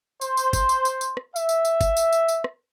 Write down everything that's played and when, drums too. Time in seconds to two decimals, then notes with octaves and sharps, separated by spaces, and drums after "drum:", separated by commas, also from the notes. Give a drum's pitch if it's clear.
0.21 C5, drum: tambourine
0.37 drum: tambourine
0.53 drum: kick, tambourine
0.69 drum: tambourine
0.85 drum: tambourine
1.01 drum: tambourine
1.17 drum: rim click
1.36 E5, drum: tambourine
1.49 drum: tambourine
1.65 drum: tambourine
1.81 drum: kick, tambourine
1.97 drum: tambourine
2.13 drum: tambourine
2.28 drum: tambourine
2.44 drum: rim click